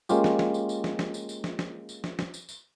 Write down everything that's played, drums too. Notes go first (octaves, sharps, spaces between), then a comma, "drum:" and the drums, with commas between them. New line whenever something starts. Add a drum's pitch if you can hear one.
G#3 A#3 C#4 F4 G4, drum: tambourine
drum: snare
drum: snare
drum: tambourine
drum: tambourine
drum: snare
drum: snare
drum: tambourine
drum: tambourine
drum: snare
drum: snare
drum: tambourine
drum: snare
drum: snare
drum: tambourine
drum: tambourine